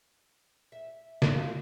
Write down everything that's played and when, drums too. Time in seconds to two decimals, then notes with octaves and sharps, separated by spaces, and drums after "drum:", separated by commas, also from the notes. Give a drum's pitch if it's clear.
0.72 E5
1.22 F4, drum: snare